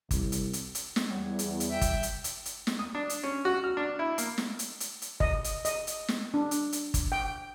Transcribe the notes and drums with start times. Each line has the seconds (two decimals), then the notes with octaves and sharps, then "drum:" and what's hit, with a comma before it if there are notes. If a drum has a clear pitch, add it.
0.11 C2, drum: kick G1, hi-hat
0.32 drum: hi-hat
0.53 drum: hi-hat
0.75 drum: hi-hat
0.96 drum: snare
1.10 E2 G3 C#5 F#5
1.39 drum: hi-hat
1.60 drum: hi-hat
1.70 E5 G5
1.81 drum: kick G1, hi-hat
2.03 drum: hi-hat
2.24 drum: hi-hat
2.45 drum: hi-hat
2.67 drum: snare
2.79 D#6
2.95 D4
3.10 drum: hi-hat
3.23 C#4
3.45 F#4
3.64 F6
3.77 D4
3.99 E4
4.18 A#3, drum: hi-hat
4.38 drum: snare
4.59 drum: hi-hat
4.80 drum: hi-hat
5.02 drum: hi-hat
5.20 D#5, drum: kick G1
5.44 drum: hi-hat
5.65 D#5, drum: hi-hat
5.87 drum: hi-hat
6.08 drum: snare
6.34 D4
6.51 drum: hi-hat
6.72 drum: hi-hat
6.94 drum: kick G1, hi-hat
7.12 G5